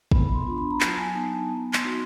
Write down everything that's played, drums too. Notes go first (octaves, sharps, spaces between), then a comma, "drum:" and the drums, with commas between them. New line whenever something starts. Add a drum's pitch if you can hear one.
B3 B5, drum: kick
C6
D4 F4
B5
A#5
F#3 A5, drum: clap
G#5
B3 D#4 A5
A5
B3
C6, drum: clap
D#4 F#4